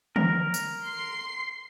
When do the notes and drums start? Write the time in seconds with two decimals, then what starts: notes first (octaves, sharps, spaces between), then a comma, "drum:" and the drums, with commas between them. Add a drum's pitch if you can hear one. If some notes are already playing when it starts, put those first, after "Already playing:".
0.16 A#4, drum: tom
0.54 drum: tambourine
0.82 C6 C7